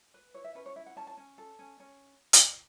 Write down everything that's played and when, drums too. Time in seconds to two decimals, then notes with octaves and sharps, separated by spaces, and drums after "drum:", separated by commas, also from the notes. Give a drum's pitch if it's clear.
0.14 B4
0.34 E4 C#5
0.44 E5
0.55 C#4 B4
0.66 C#5
0.76 E4 E5
0.86 F#5
0.96 C#4 A5
1.07 A5
1.17 C#4
1.38 A4
1.59 C#4
1.80 C#4
2.33 drum: hi-hat